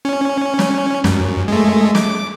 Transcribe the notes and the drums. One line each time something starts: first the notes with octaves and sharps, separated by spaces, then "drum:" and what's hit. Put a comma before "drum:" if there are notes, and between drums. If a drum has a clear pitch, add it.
C#4
drum: snare
F#2, drum: snare
G#3 A3
D6, drum: snare